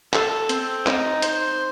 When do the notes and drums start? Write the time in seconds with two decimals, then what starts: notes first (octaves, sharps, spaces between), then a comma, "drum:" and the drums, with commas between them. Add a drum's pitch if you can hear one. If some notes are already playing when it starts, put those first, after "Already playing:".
0.13 A4, drum: clap
0.49 C4, drum: hi-hat
0.87 D#4, drum: clap
1.22 C5, drum: hi-hat